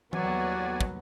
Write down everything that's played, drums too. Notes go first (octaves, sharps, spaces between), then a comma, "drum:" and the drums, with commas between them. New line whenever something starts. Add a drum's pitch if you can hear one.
D#2 A2 F#3 G3 B3 F#4 D5 G#5, drum: tom E3
drum: kick